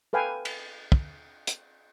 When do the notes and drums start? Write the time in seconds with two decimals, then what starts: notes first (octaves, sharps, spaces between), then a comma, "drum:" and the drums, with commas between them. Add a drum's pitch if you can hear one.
0.13 A4 B4 F5 G5 G#5
0.45 drum: cymbal
0.92 drum: kick
1.47 drum: hi-hat